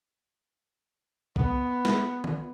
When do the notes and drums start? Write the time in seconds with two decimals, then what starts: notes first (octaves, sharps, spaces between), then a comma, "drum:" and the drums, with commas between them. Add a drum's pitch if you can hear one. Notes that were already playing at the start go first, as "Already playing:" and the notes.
1.36 B3, drum: kick
1.85 drum: snare
2.24 drum: tom D#3